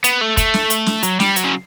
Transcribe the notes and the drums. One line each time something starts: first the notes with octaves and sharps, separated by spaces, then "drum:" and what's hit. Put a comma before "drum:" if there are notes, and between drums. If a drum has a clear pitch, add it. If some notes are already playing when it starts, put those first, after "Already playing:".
B3, drum: hi-hat
A3
A3, drum: kick, hi-hat
drum: snare
drum: hi-hat
drum: snare
F#3, drum: hi-hat
G3, drum: snare
F#3, drum: hi-hat
C#3